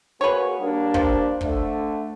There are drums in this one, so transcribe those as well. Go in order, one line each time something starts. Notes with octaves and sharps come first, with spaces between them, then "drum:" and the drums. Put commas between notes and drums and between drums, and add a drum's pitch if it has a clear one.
A#3 F#4 G#4 B4 C#5
G3 A#3 D4
F3, drum: kick
D3 A3, drum: kick